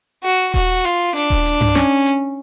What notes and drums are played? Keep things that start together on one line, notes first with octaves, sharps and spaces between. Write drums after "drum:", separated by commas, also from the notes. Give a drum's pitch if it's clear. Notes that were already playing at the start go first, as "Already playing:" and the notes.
F#4
F#4, drum: kick D#1, hi-hat
F4, drum: hi-hat
D4, drum: hi-hat
drum: kick D#1
drum: hi-hat
drum: tom G2
C#4, drum: snare
drum: hi-hat